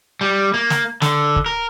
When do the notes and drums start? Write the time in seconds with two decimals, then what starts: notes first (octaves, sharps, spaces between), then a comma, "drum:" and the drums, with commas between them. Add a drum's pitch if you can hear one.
0.21 G3
0.54 A#3
0.70 drum: snare
1.02 D3, drum: snare
1.36 drum: kick
1.46 A#4